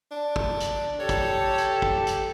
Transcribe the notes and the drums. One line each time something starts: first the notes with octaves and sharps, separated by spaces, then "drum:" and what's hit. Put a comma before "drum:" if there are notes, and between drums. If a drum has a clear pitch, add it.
D4
drum: kick
drum: hi-hat
G4 A4 C#5
drum: kick, hi-hat
drum: hi-hat
drum: kick
drum: hi-hat